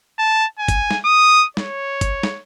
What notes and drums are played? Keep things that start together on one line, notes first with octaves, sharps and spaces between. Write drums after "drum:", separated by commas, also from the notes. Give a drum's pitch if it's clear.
A5
G#5
drum: kick, hi-hat
drum: snare
D#6
C#5, drum: snare
drum: kick, hi-hat
drum: snare